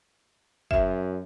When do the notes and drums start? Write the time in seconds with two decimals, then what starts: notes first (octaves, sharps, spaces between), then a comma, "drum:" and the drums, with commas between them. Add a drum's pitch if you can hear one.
0.71 F#2 E5, drum: kick G1